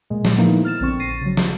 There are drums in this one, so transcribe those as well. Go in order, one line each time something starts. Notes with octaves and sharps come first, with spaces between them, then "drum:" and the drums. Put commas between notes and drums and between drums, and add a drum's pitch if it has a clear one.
A#2 G#3
drum: snare
D#3 F3 A#3 B3 D#4 E4
F6 A6 E7
A#1 D3 C4 C#6
A6 A#6 C7 D#7
C#3 F#3
drum: snare